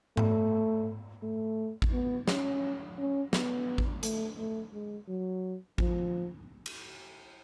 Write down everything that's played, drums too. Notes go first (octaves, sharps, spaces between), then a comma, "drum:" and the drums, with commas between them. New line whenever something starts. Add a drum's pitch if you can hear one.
A3, drum: tom G#2
A3
drum: kick A1
B3
C#4, drum: snare
C#4
B3, drum: snare
drum: kick A1
A3, drum: hi-hat
A3
G#3
F#3
F3, drum: kick A1
drum: cymbal